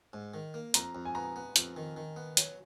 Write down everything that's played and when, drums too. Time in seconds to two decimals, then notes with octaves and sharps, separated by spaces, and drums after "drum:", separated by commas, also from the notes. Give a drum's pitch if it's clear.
0.13 G#2
0.34 D#3
0.54 A#3
0.74 F2 A#5, drum: hi-hat
0.95 F2
1.05 G#5
1.15 B3 A#5
1.36 B3
1.56 F2, drum: hi-hat
1.77 D#3
1.97 D#3
2.16 B3
2.37 F#3, drum: hi-hat